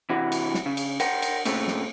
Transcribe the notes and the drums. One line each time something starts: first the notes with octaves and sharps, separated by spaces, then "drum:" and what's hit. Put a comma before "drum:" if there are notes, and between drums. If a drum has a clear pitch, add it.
C3 E3 F#4
drum: cymbal
drum: snare
C#3
drum: cymbal
A#4 F#5 G5, drum: cymbal
drum: cymbal
A#2 C#3 A3 C4, drum: cymbal
drum: snare